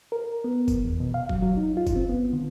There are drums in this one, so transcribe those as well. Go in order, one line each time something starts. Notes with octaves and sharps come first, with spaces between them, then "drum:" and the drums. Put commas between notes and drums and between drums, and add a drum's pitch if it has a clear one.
A#4
B3
drum: kick, tambourine
E2
B2
F5
F#3, drum: kick
F#3
D#4
F4
drum: kick, tambourine
C4
B3
D3